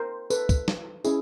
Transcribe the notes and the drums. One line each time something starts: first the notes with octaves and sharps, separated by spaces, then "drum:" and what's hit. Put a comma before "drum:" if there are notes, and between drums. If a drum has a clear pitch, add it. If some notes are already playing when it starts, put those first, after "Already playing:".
Already playing: A#4 C5
A4 B4, drum: tambourine
drum: kick, tambourine
drum: snare
C#4 E4 G#4, drum: tambourine